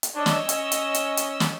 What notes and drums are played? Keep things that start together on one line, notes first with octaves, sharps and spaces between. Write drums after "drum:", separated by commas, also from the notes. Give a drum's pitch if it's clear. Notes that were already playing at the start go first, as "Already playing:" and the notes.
drum: hi-hat
D4 C#5 D#5 E6
drum: snare
C#4, drum: hi-hat
drum: hi-hat
drum: hi-hat
drum: hi-hat
drum: snare